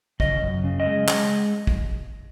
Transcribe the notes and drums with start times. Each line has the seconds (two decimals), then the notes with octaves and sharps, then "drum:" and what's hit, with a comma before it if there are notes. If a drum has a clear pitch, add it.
0.20 C#3 D#5, drum: kick
0.42 F#2
0.64 C#3
0.80 D#5
0.86 G#3
1.08 G#3, drum: clap
1.67 drum: kick